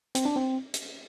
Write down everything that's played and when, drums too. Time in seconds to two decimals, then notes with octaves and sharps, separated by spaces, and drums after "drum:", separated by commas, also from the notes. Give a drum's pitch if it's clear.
0.15 C4, drum: hi-hat
0.25 D4
0.36 C4
0.74 drum: hi-hat